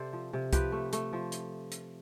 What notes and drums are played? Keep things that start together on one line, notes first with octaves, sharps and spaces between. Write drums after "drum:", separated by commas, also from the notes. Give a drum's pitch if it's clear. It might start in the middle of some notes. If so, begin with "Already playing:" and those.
Already playing: C3 A4 C5 D5
F3
C3
F3 G4 B4, drum: kick C2, hi-hat
A3
A3, drum: hi-hat
F3
drum: hi-hat
drum: hi-hat